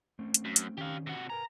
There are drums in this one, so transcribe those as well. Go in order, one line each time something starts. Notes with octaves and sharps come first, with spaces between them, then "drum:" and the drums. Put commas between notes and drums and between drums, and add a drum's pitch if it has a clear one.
A3 C4 C#4
drum: hi-hat
F#2
drum: hi-hat
D#3 C4 C#4 G4 F5
C3 F#4
A#4 B4 G#5 A#5